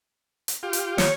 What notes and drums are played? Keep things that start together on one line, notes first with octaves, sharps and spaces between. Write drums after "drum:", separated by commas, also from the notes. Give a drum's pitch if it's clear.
drum: hi-hat
F4 G4
drum: hi-hat
C#5, drum: snare